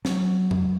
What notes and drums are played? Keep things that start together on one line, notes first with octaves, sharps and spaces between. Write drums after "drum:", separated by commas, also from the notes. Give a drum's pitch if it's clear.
F#3, drum: snare
drum: tom F2